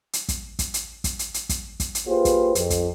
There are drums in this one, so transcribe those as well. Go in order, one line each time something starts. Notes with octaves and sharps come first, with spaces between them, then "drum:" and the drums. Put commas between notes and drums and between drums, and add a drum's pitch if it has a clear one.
drum: hi-hat
drum: kick, hi-hat
drum: kick, hi-hat
drum: hi-hat
drum: kick, hi-hat
drum: hi-hat
drum: hi-hat
drum: kick, hi-hat
drum: kick, hi-hat
drum: hi-hat
A#3 F4 G4 G#4 B4 C5
drum: kick, hi-hat
F2, drum: hi-hat
drum: kick, hi-hat